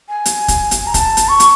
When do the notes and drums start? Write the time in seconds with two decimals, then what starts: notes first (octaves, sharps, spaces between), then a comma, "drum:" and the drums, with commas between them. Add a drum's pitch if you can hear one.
0.09 G#5
0.26 drum: hi-hat
0.48 drum: kick, hi-hat
0.71 drum: hi-hat
0.87 A#5
0.94 A5, drum: kick, hi-hat
1.17 drum: hi-hat
1.28 C#6
1.40 drum: hi-hat